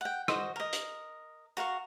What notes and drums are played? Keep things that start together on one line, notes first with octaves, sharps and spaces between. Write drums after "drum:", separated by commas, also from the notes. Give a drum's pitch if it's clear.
F#5 G5
F#4 C5 D#5, drum: rim click
A#4 D#5
drum: hi-hat
F#4 A#4 F5 C#6